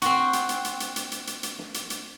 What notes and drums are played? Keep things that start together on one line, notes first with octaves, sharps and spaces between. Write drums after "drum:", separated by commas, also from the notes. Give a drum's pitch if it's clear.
C4 F#4, drum: hi-hat
drum: hi-hat
drum: hi-hat
drum: hi-hat
drum: hi-hat
drum: hi-hat
drum: hi-hat
drum: hi-hat
drum: hi-hat
drum: snare
drum: hi-hat
drum: hi-hat